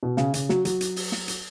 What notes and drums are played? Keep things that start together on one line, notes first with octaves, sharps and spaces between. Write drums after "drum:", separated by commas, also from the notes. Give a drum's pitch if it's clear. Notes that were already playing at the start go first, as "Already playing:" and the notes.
B2
C#3, drum: snare
C#3, drum: hi-hat
F#3, drum: snare
F#3, drum: hi-hat
drum: hi-hat
drum: open hi-hat
drum: snare
drum: hi-hat